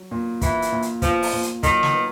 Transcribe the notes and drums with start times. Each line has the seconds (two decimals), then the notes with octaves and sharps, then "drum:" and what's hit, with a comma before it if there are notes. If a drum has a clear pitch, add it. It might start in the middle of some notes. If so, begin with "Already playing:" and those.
Already playing: F#3
0.11 A#2
0.41 A#2 E3, drum: kick, hi-hat
0.62 drum: hi-hat
0.72 A#2
0.82 drum: hi-hat
1.02 F3 B3, drum: kick, hi-hat
1.23 drum: open hi-hat
1.33 A#2
1.43 drum: hi-hat
1.63 D#3 F#3, drum: kick, hi-hat
1.83 drum: snare
1.93 B3